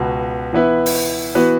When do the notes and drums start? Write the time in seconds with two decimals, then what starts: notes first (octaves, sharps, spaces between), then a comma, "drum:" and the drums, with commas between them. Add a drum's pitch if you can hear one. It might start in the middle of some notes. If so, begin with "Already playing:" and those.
Already playing: C#2 B2 B3 F#4
0.53 E3 B3 E4 B4
0.86 drum: open hi-hat
1.35 E3 B3 F#4 B4